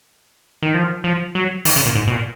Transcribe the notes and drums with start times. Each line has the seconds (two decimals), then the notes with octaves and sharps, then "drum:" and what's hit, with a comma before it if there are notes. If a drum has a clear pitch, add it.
0.63 D#3
0.74 F3
1.04 F3
1.35 F#3
1.65 D#3, drum: open hi-hat
1.76 C#3
1.85 A#2
1.95 G#2
2.07 B2
2.12 A#2